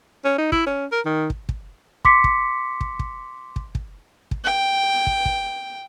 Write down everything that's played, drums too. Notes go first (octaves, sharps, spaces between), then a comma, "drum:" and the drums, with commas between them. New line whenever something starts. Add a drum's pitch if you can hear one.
C#4
D#4
E4, drum: kick
C#4
A#4
D#3
drum: kick
drum: kick
C6 D6 B6 C#7, drum: kick
drum: kick
drum: kick
drum: kick
drum: kick
drum: kick
drum: kick
G5
drum: kick
drum: kick